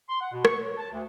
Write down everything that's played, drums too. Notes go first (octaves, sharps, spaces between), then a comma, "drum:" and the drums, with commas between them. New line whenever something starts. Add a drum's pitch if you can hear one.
C6
F#5
B2
C#6, drum: rim click
C#5
A5
D2